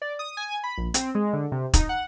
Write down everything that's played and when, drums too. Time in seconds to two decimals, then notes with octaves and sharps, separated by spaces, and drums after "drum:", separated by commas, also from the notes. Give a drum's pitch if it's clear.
0.02 D5
0.19 D#6
0.37 G#5
0.64 B5
0.78 A#1
0.94 C4, drum: hi-hat
1.15 G#3
1.33 D3
1.52 C3
1.74 D#4, drum: kick, hi-hat
1.89 F#5